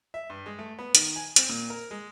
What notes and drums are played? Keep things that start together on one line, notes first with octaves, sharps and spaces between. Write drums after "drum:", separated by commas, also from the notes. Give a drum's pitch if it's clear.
E5
G2
G#3
A3
B3
D#3, drum: hi-hat
G#5
C4, drum: hi-hat
A#2
A#4
G#3